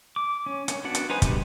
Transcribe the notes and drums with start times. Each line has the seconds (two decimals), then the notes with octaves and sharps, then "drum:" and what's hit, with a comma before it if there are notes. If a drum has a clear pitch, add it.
0.16 D6
0.46 C#4
0.68 C#4, drum: hi-hat
0.84 B3 D4 F#4 F#5
0.95 drum: hi-hat
1.10 D#4 B4 C5 G#5
1.22 G3 G#3 B3 D4 G4, drum: kick, hi-hat